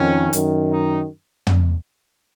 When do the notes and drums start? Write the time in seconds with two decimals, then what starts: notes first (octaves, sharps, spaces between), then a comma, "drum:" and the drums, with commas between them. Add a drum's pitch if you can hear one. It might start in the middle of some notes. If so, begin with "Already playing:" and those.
Already playing: F2 D#3 C#4
0.33 F#2 D#3, drum: hi-hat
0.71 D#4
1.47 drum: tom